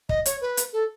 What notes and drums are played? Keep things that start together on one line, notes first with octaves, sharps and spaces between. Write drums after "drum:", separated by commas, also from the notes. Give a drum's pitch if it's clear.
D#5, drum: kick
C#5, drum: hi-hat
B4
drum: hi-hat
A4